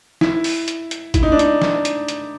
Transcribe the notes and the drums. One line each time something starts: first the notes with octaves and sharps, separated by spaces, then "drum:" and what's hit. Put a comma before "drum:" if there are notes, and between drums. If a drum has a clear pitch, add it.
E4, drum: snare
drum: open hi-hat
drum: hi-hat
drum: hi-hat
E4, drum: kick, hi-hat
D#4
D4
D#4, drum: hi-hat
drum: snare
drum: hi-hat
drum: hi-hat